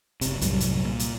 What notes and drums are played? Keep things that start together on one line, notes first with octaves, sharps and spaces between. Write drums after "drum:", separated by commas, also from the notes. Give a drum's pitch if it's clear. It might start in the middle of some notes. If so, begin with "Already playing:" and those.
F#1 C3, drum: hi-hat
C2 F#2 A2 G3, drum: hi-hat
drum: hi-hat
A#2
drum: hi-hat